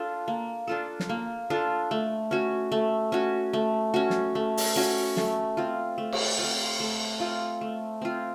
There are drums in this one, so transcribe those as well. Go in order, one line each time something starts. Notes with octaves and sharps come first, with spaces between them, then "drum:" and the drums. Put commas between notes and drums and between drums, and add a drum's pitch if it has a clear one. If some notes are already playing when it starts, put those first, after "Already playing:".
Already playing: D4 F4 A4
A#3
D4 F4 A4
drum: snare
A#3
D4 F4 A4
A3
C#4 F#4
A3
C#4 F#4
A3
C#4 F#4
drum: snare
A3
drum: open hi-hat
C#4 F#4
A3, drum: snare
C4 F4
A3
drum: cymbal
C4 F4
A3
C4 F4
A3
C4 F4